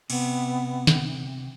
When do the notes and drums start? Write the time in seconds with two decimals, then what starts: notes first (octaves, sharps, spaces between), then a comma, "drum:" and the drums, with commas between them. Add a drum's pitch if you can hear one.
0.10 C3 B3, drum: cymbal
0.87 drum: snare